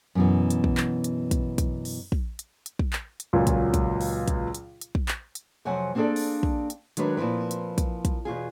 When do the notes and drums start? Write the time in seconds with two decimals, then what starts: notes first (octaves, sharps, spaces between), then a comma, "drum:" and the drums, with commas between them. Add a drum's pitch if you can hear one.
0.15 F#2 B2 E3
0.50 drum: hi-hat
0.64 drum: kick
0.77 drum: clap
1.04 drum: hi-hat
1.31 drum: kick, hi-hat
1.58 drum: kick, hi-hat
1.85 drum: open hi-hat
2.12 drum: kick
2.39 drum: hi-hat
2.66 drum: hi-hat
2.79 drum: kick
2.93 drum: clap
3.20 drum: hi-hat
3.33 C#2 A#2 F#3
3.47 drum: kick, hi-hat
3.74 drum: kick, hi-hat
4.01 drum: open hi-hat
4.28 drum: kick, hi-hat
4.55 drum: hi-hat
4.81 drum: hi-hat
4.95 drum: kick
5.08 drum: clap
5.35 drum: hi-hat
5.65 F2 C3 F#3 F#5 G#5
5.95 A#3 C4 D4 G#4 A4 D5
6.16 drum: open hi-hat
6.43 drum: kick
6.70 drum: hi-hat
6.97 D#3 F#3 G#3 D4 B4, drum: hi-hat
7.17 A#2 F3 C4 E4 B4
7.51 drum: hi-hat
7.78 drum: kick, hi-hat
8.05 drum: kick, hi-hat
8.25 E2 B2 F4 G#4